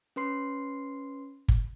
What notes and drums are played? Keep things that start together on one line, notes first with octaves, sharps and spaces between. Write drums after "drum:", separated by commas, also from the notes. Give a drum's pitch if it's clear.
C#4 B4 C6 C7
drum: kick